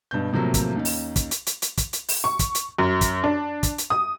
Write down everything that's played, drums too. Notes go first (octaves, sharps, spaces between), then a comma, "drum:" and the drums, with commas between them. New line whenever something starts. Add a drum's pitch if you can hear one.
G2 B2 G6
A2 C3 F3 F#3 A#3
drum: kick, hi-hat
D#2 C#4 D#4
drum: open hi-hat
drum: kick, hi-hat
drum: hi-hat
drum: hi-hat
drum: hi-hat
drum: kick, hi-hat
drum: hi-hat
drum: open hi-hat
C#6
drum: kick, hi-hat
drum: hi-hat
F#2
drum: kick, hi-hat
D4
drum: kick, hi-hat
drum: hi-hat
D#6